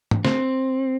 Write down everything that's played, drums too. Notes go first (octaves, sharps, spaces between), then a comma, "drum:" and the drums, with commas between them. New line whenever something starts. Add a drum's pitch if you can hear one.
drum: tom
C4, drum: snare